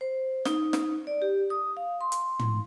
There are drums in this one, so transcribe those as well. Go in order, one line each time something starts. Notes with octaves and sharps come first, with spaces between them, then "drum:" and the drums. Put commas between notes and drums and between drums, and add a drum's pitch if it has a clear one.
C5
D#4, drum: snare
drum: snare
D5
G4
D#6
F5
C6
drum: hi-hat
drum: tom